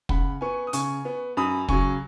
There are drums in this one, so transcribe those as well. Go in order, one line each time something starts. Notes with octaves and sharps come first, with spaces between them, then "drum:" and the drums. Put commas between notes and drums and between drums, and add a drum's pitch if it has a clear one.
C#3 F#5 B5, drum: kick
B3 G#5 C#6
D#6
C#3 G#5 C#6, drum: hi-hat
B3
F#2 B5 D#6
C#3 F#3 G#5 C#6, drum: kick